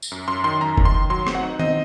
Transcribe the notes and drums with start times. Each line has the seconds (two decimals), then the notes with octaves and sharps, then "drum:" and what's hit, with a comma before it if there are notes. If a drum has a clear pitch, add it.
0.02 drum: tambourine
0.12 F#2
0.28 F#2 C6
0.44 D#3 C6
0.61 F#2 A#5
0.78 D#3, drum: kick F1
0.85 C6
0.94 D#3
1.10 F#3 C6
1.27 C4, drum: rim click
1.35 F#5
1.43 D#4
1.59 C4 D#5, drum: tom D#3